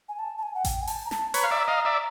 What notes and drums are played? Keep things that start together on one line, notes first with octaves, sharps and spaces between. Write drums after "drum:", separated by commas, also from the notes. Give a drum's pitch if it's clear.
G#5
A5
A5
G#5
F#5
G5, drum: kick A1, hi-hat
G#5
A5, drum: open hi-hat
A#5
A5, drum: snare
B4 C#5 A#5, drum: hi-hat
F5
D5 E5
D#5 F5
D5 E5